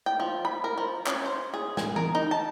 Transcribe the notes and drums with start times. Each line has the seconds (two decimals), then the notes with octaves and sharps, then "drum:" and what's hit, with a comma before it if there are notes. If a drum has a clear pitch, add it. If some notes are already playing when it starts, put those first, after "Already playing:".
0.06 G5
0.20 F3
0.45 B5
0.64 A#4
0.78 F3
1.07 C#4, drum: clap
1.26 C5
1.54 G#4
1.77 G#5, drum: snare
1.96 A#4, drum: tom E3
2.15 D#4
2.31 A5